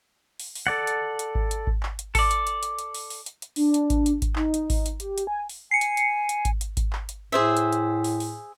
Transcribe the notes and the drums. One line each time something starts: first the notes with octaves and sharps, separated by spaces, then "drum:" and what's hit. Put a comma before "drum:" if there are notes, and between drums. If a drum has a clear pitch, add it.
drum: open hi-hat
drum: open hi-hat
A4 D5 F#5
drum: hi-hat
drum: hi-hat
drum: kick G#1
drum: hi-hat
drum: kick G#1
drum: clap
drum: hi-hat
A4 D5, drum: kick G#1, open hi-hat
drum: hi-hat
drum: hi-hat
drum: hi-hat
drum: hi-hat
drum: open hi-hat
drum: open hi-hat
drum: hi-hat
drum: hi-hat
D4, drum: open hi-hat
drum: hi-hat
drum: kick G#1, hi-hat
drum: hi-hat
drum: kick G#1, hi-hat
D#4, drum: clap
drum: hi-hat
drum: kick G#1, open hi-hat
drum: hi-hat
G4, drum: hi-hat
drum: hi-hat
G#5
drum: open hi-hat
G#5 C7 C#7
drum: hi-hat
drum: hi-hat
drum: hi-hat
drum: kick G#1, hi-hat
drum: hi-hat
drum: kick G#1, hi-hat
drum: clap
drum: hi-hat
A2 G#4 C5 E5
drum: hi-hat
drum: hi-hat
drum: open hi-hat
drum: open hi-hat